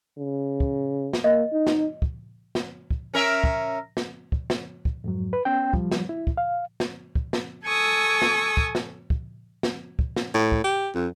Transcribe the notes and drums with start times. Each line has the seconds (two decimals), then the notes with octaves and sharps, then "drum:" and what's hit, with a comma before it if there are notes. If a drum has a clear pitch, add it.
0.19 C#3
0.60 drum: kick
1.13 drum: snare
1.24 A#3 D#5
1.53 D#4
1.67 drum: snare
2.02 drum: kick
2.55 drum: snare
2.91 drum: kick
3.14 C#4 A#4 E5
3.44 drum: kick
3.97 drum: snare
4.32 drum: kick
4.50 drum: snare
4.85 drum: kick
5.04 F2 G#2 F#3
5.33 B4
5.45 B3 C#4 G5
5.73 F3 G3, drum: kick
5.92 drum: snare
6.09 E4
6.27 drum: kick
6.37 F5
6.80 drum: snare
7.15 drum: kick
7.33 drum: snare
7.66 A4 G#5 C#6 D#6 E6
8.22 drum: snare
8.57 drum: kick
8.75 drum: snare
9.10 drum: kick
9.63 drum: snare
9.99 drum: kick
10.16 drum: snare
10.34 A2
10.52 drum: kick
10.64 G4
10.95 F2